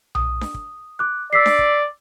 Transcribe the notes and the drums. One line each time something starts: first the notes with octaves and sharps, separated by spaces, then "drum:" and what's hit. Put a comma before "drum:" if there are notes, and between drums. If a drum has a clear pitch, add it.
D#6, drum: tom B1
drum: snare D4
drum: kick
D6 F#6
D5 E6 B6 C7
drum: snare D4
drum: kick